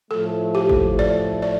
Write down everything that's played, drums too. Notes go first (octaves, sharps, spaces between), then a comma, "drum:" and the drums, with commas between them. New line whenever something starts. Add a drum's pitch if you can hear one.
A2 F3 A3 A4
G4
drum: kick G#1
D5
D5